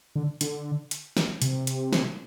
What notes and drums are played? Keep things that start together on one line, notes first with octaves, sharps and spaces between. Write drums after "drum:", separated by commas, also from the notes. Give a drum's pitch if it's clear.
D3
D3, drum: hi-hat
drum: hi-hat
drum: snare
C3, drum: hi-hat
drum: hi-hat
drum: snare